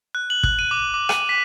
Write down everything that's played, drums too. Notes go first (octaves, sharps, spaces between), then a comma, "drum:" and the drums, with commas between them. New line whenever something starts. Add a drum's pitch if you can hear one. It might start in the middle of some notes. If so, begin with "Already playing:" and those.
F#6
F#7
F#6, drum: kick
D#7
D6
D6
D#7, drum: rim click
B6